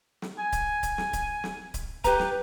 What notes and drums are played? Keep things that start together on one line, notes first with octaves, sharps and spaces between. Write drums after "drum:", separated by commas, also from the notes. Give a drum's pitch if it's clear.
drum: snare
G#5
drum: kick C#1, hi-hat
drum: kick C#1, hi-hat
drum: snare
drum: kick C#1, hi-hat
drum: snare
drum: kick C#1, hi-hat
G4 B4 A#5, drum: kick C#1, hi-hat
drum: snare